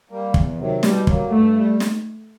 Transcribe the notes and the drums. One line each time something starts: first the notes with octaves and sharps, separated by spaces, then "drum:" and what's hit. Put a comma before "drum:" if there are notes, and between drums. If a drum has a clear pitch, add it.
G3 A#3
E2, drum: kick
C3 D#3 F#3
B2 G3, drum: snare
F#3 A#3, drum: kick
G2 A3
G3
drum: snare